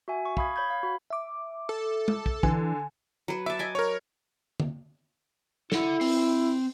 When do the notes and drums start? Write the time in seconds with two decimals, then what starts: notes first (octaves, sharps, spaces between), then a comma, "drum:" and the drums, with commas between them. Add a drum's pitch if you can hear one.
0.08 F#4 E5 G#5
0.25 C#6
0.37 F5 B5 D#6 G#6, drum: kick
0.56 C#5 B5 G6 G#6
0.70 F5
0.83 F#4 B5
1.10 E5 D6
1.69 A4
2.08 drum: tom
2.26 drum: kick
2.43 D3 E3 G#5, drum: kick
3.28 F#3 B4
3.46 E5 A5 D6
3.59 D#5 G#5 D6
3.75 A#4 C#5
4.60 drum: tom D3
5.72 E4 A4 F#5, drum: snare
6.01 C4, drum: open hi-hat